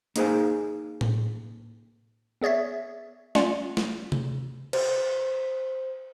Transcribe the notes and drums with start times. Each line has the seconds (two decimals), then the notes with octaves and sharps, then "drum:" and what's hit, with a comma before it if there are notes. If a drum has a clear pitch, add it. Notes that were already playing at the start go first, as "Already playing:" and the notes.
0.16 A#3 D#4 G#4 C5 F5 G#5, drum: hi-hat
1.01 drum: tom A2
2.41 B3 G#4 C#5 D5 E5
3.35 C#4 F4 D5 F#5, drum: snare
3.77 drum: snare
4.12 drum: tom C3
4.73 C5, drum: cymbal